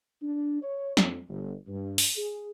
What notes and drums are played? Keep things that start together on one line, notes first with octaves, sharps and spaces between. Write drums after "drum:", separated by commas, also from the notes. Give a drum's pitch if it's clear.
D4
C#5
F2, drum: snare
G1
G2
drum: open hi-hat
G#4